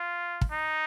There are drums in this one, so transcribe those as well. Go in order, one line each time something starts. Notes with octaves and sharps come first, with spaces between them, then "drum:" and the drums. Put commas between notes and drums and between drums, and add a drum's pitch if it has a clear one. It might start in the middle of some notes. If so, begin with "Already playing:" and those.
Already playing: F4
drum: kick
D#4